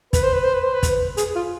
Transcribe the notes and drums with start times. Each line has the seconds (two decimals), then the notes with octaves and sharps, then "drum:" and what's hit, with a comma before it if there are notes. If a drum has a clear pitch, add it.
0.13 B4, drum: kick, hi-hat
0.23 C5
0.33 B4
0.43 C5
0.54 B4
0.63 C5
0.74 B4
0.83 drum: kick, hi-hat
1.17 G#4, drum: hi-hat
1.35 F4